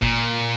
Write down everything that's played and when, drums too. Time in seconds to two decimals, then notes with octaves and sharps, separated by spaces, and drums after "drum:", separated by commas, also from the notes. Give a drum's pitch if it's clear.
0.02 A#2, drum: kick G1